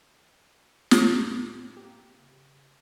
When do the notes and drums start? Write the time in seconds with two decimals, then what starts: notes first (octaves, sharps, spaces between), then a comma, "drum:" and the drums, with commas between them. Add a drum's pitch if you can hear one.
0.91 A2 F4 A#4, drum: snare
1.23 D6
1.77 A#3 G4
2.14 C#3